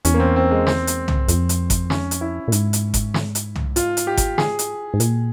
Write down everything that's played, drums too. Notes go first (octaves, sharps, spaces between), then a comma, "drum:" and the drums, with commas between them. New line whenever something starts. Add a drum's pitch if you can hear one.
E2 C#4, drum: hi-hat
A#3
C4
C4
G#3
C4, drum: snare
drum: hi-hat
drum: tom C2
F2, drum: hi-hat
drum: hi-hat
drum: kick G1, hi-hat
C#4, drum: snare
drum: hi-hat
E4
A#2
G#2, drum: hi-hat
drum: hi-hat
drum: kick G1, hi-hat
drum: snare
drum: hi-hat
drum: tom C2
F4, drum: hi-hat
drum: hi-hat
G4
drum: kick G1, hi-hat
G#4, drum: snare
drum: hi-hat
G#2
A#2, drum: hi-hat